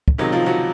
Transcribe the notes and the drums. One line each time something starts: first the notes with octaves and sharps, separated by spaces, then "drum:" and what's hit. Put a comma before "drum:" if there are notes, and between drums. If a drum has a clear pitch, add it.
drum: kick
C#2 C3 D#3 F#3 D#4
F3 F4
F#3 F#4